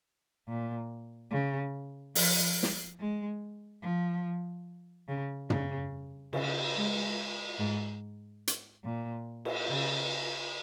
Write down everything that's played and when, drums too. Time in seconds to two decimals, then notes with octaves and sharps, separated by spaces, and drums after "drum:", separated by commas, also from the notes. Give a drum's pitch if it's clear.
0.48 A#2
1.31 C#3
2.15 F3, drum: open hi-hat
2.63 drum: snare
2.99 G#3
3.82 F3
5.08 C#3
5.50 C#3, drum: tom
6.33 C#3, drum: cymbal
6.75 G#3
7.58 G#2
8.47 drum: hi-hat
8.83 A#2
9.45 drum: cymbal
9.68 C#3